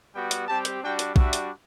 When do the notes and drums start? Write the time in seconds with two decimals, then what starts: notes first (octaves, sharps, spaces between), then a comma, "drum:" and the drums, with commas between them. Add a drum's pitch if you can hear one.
0.14 G3 B3 F#4 G5
0.31 drum: hi-hat
0.48 G3 C4 G4 A5
0.65 drum: hi-hat
0.82 G3 D4 F#4 G5
0.99 drum: hi-hat
1.16 G3 D4 F#4 E5, drum: kick
1.33 drum: hi-hat